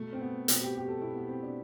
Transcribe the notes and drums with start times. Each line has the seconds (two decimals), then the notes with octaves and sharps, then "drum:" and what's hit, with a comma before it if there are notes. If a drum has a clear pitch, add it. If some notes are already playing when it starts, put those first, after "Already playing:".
Already playing: B2 A3
0.13 C4
0.21 B3
0.48 B2 C4, drum: hi-hat
0.61 G4
0.76 G4
0.88 A4
1.02 B2 E4
1.15 B3
1.29 C4
1.43 D4